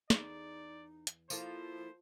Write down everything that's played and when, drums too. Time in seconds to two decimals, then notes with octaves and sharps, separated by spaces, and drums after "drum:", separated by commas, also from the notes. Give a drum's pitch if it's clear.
0.10 E2 D#4 G#4 D5, drum: snare
1.07 drum: hi-hat
1.30 F3 A#3 E4 F4 A4 C5, drum: tambourine